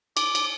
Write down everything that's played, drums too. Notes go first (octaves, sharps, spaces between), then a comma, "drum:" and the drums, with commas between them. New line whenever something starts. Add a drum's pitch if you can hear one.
D6, drum: cymbal
drum: cymbal